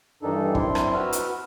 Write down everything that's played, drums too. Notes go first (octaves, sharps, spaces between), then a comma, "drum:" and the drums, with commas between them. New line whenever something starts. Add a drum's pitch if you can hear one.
G2 D#3 E3 D4 D#4 A4
F#2 C4 D4 E4 C6, drum: kick
drum: rim click
F#4 B4 E6 F6
drum: hi-hat